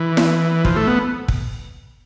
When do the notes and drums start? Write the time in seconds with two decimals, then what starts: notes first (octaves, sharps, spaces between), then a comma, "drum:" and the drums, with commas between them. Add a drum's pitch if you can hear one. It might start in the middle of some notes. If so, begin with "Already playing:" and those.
Already playing: E3
0.17 drum: snare E4
0.65 F3, drum: kick
0.76 A3
0.87 B3
1.28 drum: kick